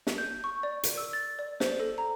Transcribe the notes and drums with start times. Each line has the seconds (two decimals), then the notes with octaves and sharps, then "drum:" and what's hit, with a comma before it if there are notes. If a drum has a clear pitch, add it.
0.07 drum: snare
0.18 G6
0.44 C#6
0.63 D5
0.83 A#4, drum: hi-hat
0.98 E6
1.13 A6
1.39 D5
1.60 C5, drum: snare
1.80 A4
1.98 A#5